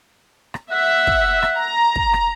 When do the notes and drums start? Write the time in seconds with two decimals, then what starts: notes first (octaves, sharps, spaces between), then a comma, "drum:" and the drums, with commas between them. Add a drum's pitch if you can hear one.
0.54 drum: rim click
0.72 E5 F#5
1.07 drum: kick
1.42 drum: rim click
1.57 A#5
1.96 drum: kick
2.13 drum: rim click